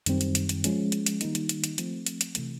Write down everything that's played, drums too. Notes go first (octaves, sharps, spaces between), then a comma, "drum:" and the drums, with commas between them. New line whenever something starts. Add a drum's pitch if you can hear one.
F#2 D#3 G3 C4, drum: hi-hat
drum: hi-hat
drum: hi-hat
drum: hi-hat
F3 G#3 C#4, drum: hi-hat
drum: hi-hat
drum: hi-hat
D#3 G3 A#3 D#4, drum: hi-hat
drum: hi-hat
drum: hi-hat
drum: hi-hat
F3 A3 C4, drum: hi-hat
drum: hi-hat
drum: hi-hat
C3 E3 A3, drum: hi-hat